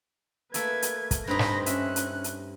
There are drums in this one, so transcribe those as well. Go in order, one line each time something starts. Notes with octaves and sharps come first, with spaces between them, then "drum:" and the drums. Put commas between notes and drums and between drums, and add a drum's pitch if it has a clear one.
A3 A#3 A4 B4 G#6, drum: hi-hat
drum: hi-hat
drum: kick, hi-hat
G2 C4 D#4 B5 A#6
drum: snare
C#4 E5 F#6, drum: hi-hat
drum: hi-hat
drum: hi-hat